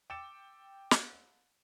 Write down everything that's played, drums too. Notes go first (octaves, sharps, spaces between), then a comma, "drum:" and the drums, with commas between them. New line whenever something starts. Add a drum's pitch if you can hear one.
G5 D6 E6 A6 C#7 E7
drum: snare